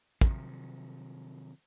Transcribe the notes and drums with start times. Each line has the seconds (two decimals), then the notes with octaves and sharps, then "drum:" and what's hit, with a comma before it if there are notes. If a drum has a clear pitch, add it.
0.21 C3 D#3 F3 F#3, drum: kick